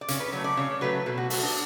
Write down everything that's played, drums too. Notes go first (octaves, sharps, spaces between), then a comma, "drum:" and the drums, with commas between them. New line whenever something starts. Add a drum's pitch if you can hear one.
D5
C#3 C#5, drum: hi-hat
B4
F#3 A3 C#5
D5
C#3 C#5
F#3 A3 B4
B2 A4
F#4
A3 F#4, drum: open hi-hat
D4